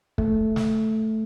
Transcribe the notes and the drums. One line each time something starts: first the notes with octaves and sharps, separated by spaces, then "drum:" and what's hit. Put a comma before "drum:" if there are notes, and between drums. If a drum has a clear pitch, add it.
A3, drum: kick
drum: snare